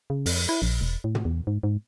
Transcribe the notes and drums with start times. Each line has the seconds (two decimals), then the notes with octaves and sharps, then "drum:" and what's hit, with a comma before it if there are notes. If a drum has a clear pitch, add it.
0.10 C#3
0.26 F2, drum: open hi-hat
0.49 E4
0.62 A#1
0.81 E1
1.04 A2
1.15 drum: tom
1.25 E2
1.47 G#2
1.63 G#2